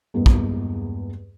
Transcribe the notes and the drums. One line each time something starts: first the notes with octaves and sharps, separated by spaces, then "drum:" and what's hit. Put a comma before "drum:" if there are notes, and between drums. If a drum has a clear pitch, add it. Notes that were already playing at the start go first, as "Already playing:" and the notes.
E2 G2 G#3 A#3
drum: kick